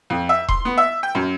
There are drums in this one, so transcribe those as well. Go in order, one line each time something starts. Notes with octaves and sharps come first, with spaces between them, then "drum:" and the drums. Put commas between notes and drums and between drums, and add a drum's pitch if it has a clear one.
F2
E5
C6, drum: kick D#1
B3
E5
G5
F#2